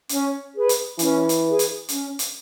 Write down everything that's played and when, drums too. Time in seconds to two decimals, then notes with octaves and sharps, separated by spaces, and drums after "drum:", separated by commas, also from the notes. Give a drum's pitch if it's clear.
0.09 C#4, drum: hi-hat
0.54 G#4 B4
0.69 drum: hi-hat
0.99 E3 C#4, drum: hi-hat
1.29 drum: hi-hat
1.44 G#4 B4
1.59 drum: hi-hat
1.89 C#4, drum: hi-hat
2.19 drum: hi-hat